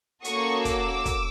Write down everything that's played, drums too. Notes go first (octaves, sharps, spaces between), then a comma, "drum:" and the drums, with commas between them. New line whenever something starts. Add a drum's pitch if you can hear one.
A#3 C#4 F#4 A4 C#6 D#6, drum: hi-hat
D6 E6, drum: kick, hi-hat
drum: kick, hi-hat